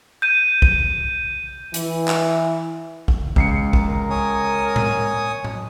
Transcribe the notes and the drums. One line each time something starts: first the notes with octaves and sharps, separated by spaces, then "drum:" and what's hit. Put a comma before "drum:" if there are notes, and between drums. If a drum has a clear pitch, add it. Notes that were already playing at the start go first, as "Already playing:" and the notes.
G6 D#7
drum: kick
E3, drum: hi-hat
drum: clap
drum: kick
C#2 C7 C#7, drum: kick
A#4, drum: kick
C#5 G#5 D#6
drum: tom A2
drum: tom A2